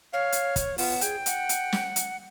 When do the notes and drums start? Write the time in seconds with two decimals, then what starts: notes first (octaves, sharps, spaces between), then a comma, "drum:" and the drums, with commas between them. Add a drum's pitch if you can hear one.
0.13 C#5 F5
0.32 drum: hi-hat
0.56 drum: kick, hi-hat
0.78 B3 F4, drum: open hi-hat
1.01 G#4 G5, drum: hi-hat
1.26 F#5, drum: hi-hat
1.49 drum: hi-hat
1.73 drum: snare
1.96 drum: hi-hat